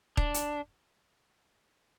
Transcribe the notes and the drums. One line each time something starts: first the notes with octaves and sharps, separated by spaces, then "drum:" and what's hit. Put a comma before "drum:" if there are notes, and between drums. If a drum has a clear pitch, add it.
D4, drum: kick D#1
drum: hi-hat